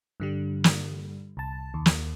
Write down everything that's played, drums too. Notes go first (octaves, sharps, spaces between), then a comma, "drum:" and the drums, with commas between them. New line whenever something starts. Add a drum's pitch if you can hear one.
G2 D3 G3
drum: snare
C2 A5
D#2
drum: snare